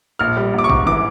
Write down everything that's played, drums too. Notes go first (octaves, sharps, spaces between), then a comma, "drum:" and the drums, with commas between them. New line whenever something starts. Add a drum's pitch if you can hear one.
A#1 F6
G3
A#1 D6
C#6
G#2, drum: kick
E3 D6